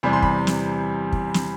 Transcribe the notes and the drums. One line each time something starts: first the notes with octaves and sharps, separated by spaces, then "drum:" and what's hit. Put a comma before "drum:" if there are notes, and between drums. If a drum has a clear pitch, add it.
E2 C3 E3 G3 B5
C6
B5, drum: kick
drum: snare
drum: kick
drum: snare